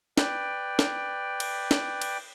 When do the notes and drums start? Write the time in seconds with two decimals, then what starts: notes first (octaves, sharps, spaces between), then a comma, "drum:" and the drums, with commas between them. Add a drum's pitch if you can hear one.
0.18 B4 D5 G5, drum: snare
0.79 drum: snare
1.40 drum: cymbal
1.71 drum: snare
2.02 drum: cymbal